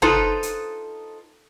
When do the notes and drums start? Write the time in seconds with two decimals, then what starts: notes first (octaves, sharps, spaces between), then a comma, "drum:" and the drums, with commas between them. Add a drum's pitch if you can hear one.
0.02 D#4 F4 A4 B4 C5, drum: tom
0.43 drum: hi-hat